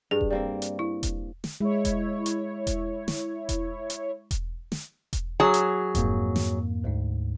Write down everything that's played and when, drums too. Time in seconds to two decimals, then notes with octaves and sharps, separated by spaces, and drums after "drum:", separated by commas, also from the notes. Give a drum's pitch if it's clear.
0.11 G2 G#4
0.21 drum: kick E1
0.30 G3 A#3 C4
0.62 drum: hi-hat
0.79 E4
1.03 drum: kick E1, hi-hat
1.44 drum: snare
1.61 G#3 E4 C#5
1.85 drum: kick E1, hi-hat
2.26 drum: hi-hat
2.67 drum: kick E1, hi-hat
3.08 drum: snare
3.49 drum: kick E1, hi-hat
3.90 drum: hi-hat
4.31 drum: kick E1, hi-hat
4.72 drum: snare
5.13 drum: kick E1, hi-hat
5.40 F#3 G#4
5.54 drum: hi-hat
5.95 F2 G#2 A#3, drum: kick E1, hi-hat
6.36 drum: snare
6.84 D2 G#2